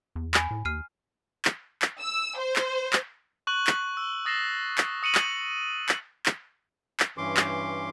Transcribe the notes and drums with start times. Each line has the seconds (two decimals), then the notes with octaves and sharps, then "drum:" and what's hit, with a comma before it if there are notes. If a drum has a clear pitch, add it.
0.16 E2
0.34 G#5 B5, drum: clap
0.51 A2
0.65 D#2 F6 C7 D#7
1.45 drum: clap
1.82 drum: clap
2.01 E6
2.38 C5
2.56 drum: clap
2.93 drum: clap
3.47 C#6 F#6 F#7
3.67 drum: clap
3.97 E6
4.25 D#6 A6 A#6 C7 E7 G7
4.78 drum: clap
5.03 D#6 C#7 D#7 F#7
5.15 drum: clap
5.89 drum: clap
6.26 drum: clap
7.00 drum: clap
7.18 G2 E3 C#4 C6 D6
7.37 drum: clap